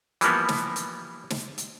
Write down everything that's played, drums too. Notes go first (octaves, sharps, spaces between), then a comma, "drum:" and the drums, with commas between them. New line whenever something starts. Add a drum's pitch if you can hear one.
E3 F3 G3 A#3 B3, drum: hi-hat
drum: snare
drum: hi-hat
drum: snare
drum: hi-hat